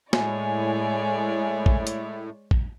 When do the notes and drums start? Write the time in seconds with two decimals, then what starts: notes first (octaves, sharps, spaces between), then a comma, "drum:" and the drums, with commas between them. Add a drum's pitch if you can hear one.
0.13 A2 G#3 E4 C#5 D5 G#5, drum: snare
1.66 drum: kick
1.87 drum: hi-hat
2.51 drum: kick